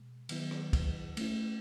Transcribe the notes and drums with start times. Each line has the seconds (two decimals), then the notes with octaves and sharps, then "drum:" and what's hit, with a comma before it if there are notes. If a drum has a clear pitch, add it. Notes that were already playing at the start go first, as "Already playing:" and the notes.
Already playing: B2 G#3
0.29 D#3 F#3 B3 E4, drum: cymbal
0.51 drum: rim click
0.73 drum: kick, cymbal
1.17 A3 C#4 E4, drum: cymbal